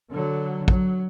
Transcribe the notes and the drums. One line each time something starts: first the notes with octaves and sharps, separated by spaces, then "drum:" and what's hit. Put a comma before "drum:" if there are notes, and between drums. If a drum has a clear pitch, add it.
D3 F#3
F#3, drum: kick